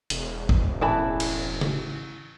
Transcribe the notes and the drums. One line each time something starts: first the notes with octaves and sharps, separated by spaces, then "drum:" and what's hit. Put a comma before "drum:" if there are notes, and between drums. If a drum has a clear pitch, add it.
E1, drum: hi-hat
drum: kick
A1 E3 A5 B5
drum: cymbal
drum: tom C#3